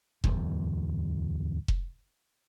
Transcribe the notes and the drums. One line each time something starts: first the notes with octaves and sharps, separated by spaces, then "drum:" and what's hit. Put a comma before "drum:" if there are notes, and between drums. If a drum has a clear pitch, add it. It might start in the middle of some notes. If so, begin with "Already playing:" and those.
D1 G#1 E2 G#2, drum: kick F1
drum: kick F1